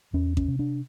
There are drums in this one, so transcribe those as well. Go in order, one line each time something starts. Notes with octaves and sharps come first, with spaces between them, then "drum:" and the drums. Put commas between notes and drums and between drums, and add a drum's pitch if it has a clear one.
E2 C#4
C#4, drum: kick A1
C3
D4